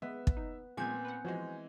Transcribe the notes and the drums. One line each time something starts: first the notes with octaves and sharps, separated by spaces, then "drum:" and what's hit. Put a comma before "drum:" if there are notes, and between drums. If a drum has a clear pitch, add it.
G#3 B3 E5
drum: kick
D#4
A#2 F3 G#3 B3 C4 G#5 G6 G#6
B4 F#5
E3 F3 G#3 F#4 C5